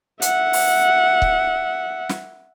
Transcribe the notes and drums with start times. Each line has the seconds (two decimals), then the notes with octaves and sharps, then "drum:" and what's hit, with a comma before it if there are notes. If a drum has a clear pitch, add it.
0.22 E5 F#5, drum: hi-hat
0.53 drum: open hi-hat
1.22 drum: kick
2.10 drum: snare